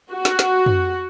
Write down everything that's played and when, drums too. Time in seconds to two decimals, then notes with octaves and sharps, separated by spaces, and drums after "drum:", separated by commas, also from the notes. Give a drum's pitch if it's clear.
0.11 F#4
0.25 drum: snare
0.39 drum: snare
0.66 drum: tom